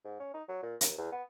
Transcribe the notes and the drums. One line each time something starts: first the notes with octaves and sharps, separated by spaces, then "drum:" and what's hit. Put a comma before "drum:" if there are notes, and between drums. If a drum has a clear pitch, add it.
G#2
C#4
D#4
F#3
A#2
D#2, drum: hi-hat
E2
B3